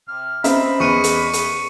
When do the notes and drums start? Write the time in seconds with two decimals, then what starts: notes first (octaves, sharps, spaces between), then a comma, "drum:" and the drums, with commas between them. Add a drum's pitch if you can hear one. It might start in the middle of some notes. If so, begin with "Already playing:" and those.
0.08 C3 F6
0.44 C4 C#4 D#5 E5 B5, drum: hi-hat
0.80 E2 C#6 C#7 D#7
1.04 drum: hi-hat
1.33 drum: hi-hat